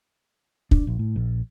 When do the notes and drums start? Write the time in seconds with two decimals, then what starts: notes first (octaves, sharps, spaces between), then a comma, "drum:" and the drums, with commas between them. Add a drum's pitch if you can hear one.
0.71 D4, drum: kick
0.87 A#1
0.99 A2
1.16 A#1